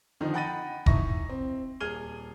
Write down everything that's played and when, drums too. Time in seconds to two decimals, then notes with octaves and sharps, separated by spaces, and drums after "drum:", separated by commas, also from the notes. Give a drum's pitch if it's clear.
0.21 D3 D#3 F3 D#4
0.34 F#5 G5 B5 A6 A#6 D#7
0.86 E3 D#4 E5 C#6 A#6, drum: kick F1
1.29 C4
1.80 D#1 G#4 F6 G#6 D#7 G7